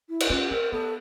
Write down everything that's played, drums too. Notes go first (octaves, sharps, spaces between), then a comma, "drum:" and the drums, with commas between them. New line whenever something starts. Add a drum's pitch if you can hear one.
E4
drum: cymbal
C#4 F4
C4 A#4
B3 A4